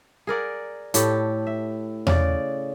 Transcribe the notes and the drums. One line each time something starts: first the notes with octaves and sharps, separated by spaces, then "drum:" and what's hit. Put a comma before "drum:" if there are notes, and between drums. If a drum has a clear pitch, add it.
G#4 A#4 D5 F#5
A2 G4 A4, drum: hi-hat
E5
C#3 D5, drum: tom E2